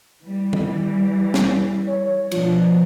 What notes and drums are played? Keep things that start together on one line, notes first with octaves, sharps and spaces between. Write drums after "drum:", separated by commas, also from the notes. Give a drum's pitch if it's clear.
E3 G3
drum: tom D#3
drum: snare
C#5
B2 F3 D4, drum: cymbal